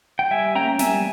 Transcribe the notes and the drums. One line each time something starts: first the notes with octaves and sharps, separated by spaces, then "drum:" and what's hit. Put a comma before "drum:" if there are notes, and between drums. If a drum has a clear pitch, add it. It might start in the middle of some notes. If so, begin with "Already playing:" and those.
G5
G3 E5 G#5
A#3 C#4 G5 A#5
G3 E5 G#5, drum: snare